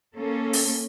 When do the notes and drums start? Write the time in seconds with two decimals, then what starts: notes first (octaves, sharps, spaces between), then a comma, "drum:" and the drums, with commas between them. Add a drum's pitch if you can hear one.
0.15 A#3 C#4 A4
0.53 drum: open hi-hat